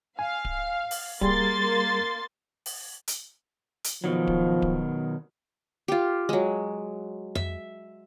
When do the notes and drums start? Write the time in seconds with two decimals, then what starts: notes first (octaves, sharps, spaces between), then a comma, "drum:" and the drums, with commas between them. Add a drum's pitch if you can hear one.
0.19 F5 G#5
0.45 drum: kick D1
0.91 drum: open hi-hat
1.21 G3 A#3 G#4 C6 A6, drum: kick D1
2.66 drum: open hi-hat
3.08 drum: hi-hat
3.84 drum: hi-hat
4.04 B2 D#3 F3 F#3
4.27 drum: kick D1
4.62 drum: kick D1
5.88 F4 G4
6.29 F#3 G#3
7.35 E5, drum: tom F2